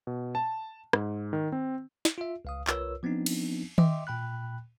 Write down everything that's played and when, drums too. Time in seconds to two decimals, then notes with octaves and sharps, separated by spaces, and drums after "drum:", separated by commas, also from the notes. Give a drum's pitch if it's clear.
0.07 B2
0.35 A5
0.93 G#2, drum: rim click
1.33 D#3
1.52 C4
2.05 drum: snare
2.18 F4 E5
2.45 C#2 F5 D#6
2.67 C2 F4 A#4 B4 C#5 E6, drum: clap
3.03 F3 B3 C4 D4 D#4
3.26 drum: cymbal
3.78 D#5 E5 G5 C6 D6, drum: tom D#3
4.07 A#2 G5 B5 F#6